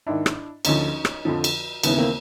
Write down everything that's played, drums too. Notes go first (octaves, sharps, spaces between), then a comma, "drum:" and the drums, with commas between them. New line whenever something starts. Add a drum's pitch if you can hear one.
G#2 D#3 D4 E4
drum: rim click
D2 D3 F3 C#4 D#4, drum: cymbal
drum: rim click
F2 D3 F3
drum: cymbal
D#2 C#3 E3 B3, drum: cymbal
A#3 C4